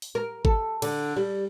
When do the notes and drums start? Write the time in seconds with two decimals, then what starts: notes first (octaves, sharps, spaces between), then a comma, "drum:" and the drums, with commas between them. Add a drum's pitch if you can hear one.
0.02 drum: open hi-hat
0.15 A#4
0.45 A4, drum: kick G1
0.82 D3, drum: cymbal
1.16 G3